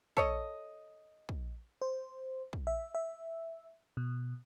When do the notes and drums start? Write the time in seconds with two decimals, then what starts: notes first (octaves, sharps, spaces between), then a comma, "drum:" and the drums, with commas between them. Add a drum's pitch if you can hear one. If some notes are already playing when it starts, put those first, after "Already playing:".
0.17 A4 C#5 D#5, drum: kick
1.29 drum: kick
1.82 C5
2.53 drum: kick
2.67 E5
2.95 E5
3.97 B2